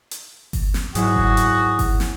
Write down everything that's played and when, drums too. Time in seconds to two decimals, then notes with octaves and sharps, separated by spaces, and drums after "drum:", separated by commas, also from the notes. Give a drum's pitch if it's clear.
0.11 drum: hi-hat
0.53 drum: kick G1, open hi-hat
0.74 drum: snare
0.95 G#2 F#3 E4 F#4 G#4 E5, drum: hi-hat
1.16 drum: kick G1
1.37 drum: hi-hat
1.79 drum: kick G1, open hi-hat
2.00 drum: snare